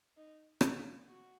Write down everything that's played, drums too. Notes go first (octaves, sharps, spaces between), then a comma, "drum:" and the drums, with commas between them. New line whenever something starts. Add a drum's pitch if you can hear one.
D#4
F4, drum: rim click
F#4